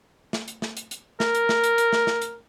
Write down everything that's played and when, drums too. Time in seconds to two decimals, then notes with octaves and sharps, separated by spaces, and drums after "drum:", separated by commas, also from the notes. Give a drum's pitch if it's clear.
0.33 drum: snare
0.48 drum: hi-hat
0.62 drum: snare
0.77 drum: hi-hat
0.91 drum: hi-hat
1.20 A#4, drum: snare
1.35 drum: hi-hat
1.49 drum: snare
1.64 drum: hi-hat
1.78 drum: hi-hat
1.93 drum: snare
2.07 drum: snare
2.22 drum: hi-hat